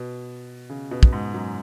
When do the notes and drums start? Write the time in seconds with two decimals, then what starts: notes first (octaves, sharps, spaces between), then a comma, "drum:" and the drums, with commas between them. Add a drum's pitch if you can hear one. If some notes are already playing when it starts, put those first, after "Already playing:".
Already playing: B2
0.70 C#3
0.91 B2
1.03 drum: kick
1.13 G#2
1.33 F#2